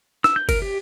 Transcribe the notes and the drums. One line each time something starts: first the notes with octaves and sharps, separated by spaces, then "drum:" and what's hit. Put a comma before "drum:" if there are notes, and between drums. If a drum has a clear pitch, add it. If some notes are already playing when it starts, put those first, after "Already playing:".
E6, drum: snare
G6
A#4, drum: kick G1, cymbal
G4